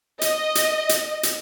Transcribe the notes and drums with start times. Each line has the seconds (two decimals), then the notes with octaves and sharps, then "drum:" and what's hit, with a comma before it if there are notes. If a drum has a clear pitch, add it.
0.21 D#5, drum: hi-hat
0.55 drum: hi-hat
0.89 drum: hi-hat
1.23 drum: hi-hat